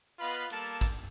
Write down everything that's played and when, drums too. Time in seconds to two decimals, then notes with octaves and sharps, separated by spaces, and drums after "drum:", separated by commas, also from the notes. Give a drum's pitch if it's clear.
0.20 B3 F4 B4 D#5 F5 B5
0.50 G3 A#3 A4 A5, drum: hi-hat
0.81 drum: kick A1, hi-hat